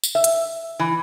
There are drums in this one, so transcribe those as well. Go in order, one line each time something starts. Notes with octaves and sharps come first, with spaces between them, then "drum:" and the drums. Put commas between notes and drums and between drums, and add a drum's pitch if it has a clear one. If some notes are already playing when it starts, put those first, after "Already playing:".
drum: tambourine
E5
drum: hi-hat
E3